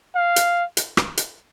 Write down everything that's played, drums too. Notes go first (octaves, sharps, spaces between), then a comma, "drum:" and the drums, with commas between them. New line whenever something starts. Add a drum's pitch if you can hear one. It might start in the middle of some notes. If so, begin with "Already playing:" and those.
F5
drum: hi-hat
drum: hi-hat
drum: rim click
drum: hi-hat